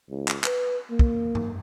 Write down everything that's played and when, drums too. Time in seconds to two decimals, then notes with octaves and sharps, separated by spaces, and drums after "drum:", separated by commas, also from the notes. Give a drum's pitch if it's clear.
0.10 C#2
0.28 drum: clap
0.44 B4, drum: clap
0.90 A#3
0.99 drum: kick
1.35 drum: tom G2